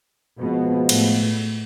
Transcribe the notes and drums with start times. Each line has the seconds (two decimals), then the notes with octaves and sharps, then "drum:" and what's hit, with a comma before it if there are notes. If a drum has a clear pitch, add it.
0.39 B2 F3 G#3 B3
0.89 A2, drum: cymbal